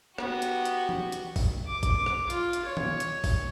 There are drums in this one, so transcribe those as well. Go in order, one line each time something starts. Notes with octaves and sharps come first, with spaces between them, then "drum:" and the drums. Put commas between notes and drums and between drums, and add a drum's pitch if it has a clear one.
B3 F#4 G4, drum: rim click
drum: hi-hat
drum: hi-hat
drum: tom E3
drum: hi-hat
drum: kick A1, open hi-hat
D6
drum: kick A1, hi-hat
drum: rim click
F4, drum: hi-hat
drum: hi-hat
C#5
drum: tom D#3
drum: hi-hat
drum: kick A1, open hi-hat